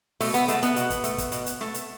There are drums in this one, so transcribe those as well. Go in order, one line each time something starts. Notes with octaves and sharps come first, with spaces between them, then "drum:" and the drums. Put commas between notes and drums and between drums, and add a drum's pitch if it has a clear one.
B2 A3, drum: open hi-hat
B3, drum: hi-hat
G#3 A3, drum: hi-hat
B3, drum: hi-hat
B2, drum: hi-hat
drum: kick, hi-hat
A3, drum: hi-hat
drum: kick, hi-hat
B2, drum: hi-hat
drum: hi-hat
A3, drum: snare
drum: hi-hat